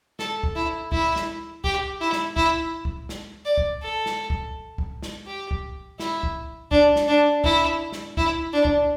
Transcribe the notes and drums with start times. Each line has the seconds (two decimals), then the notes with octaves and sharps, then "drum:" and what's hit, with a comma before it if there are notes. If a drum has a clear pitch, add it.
0.19 A4, drum: snare
0.43 drum: kick
0.56 E4
0.92 E4, drum: kick
1.16 drum: snare
1.64 G4, drum: kick
2.01 E4
2.13 drum: snare
2.36 E4, drum: kick
2.85 drum: kick
3.09 drum: snare
3.45 D5
3.58 drum: kick
3.82 A4
4.06 drum: snare
4.30 drum: kick
4.78 drum: kick
5.03 drum: snare
5.27 G4
5.51 drum: kick
6.00 E4, drum: snare
6.23 drum: kick
6.71 D4, drum: kick
6.96 drum: snare
7.08 D4
7.44 E4, drum: kick
7.92 drum: snare
8.17 E4, drum: kick
8.53 D4
8.65 drum: kick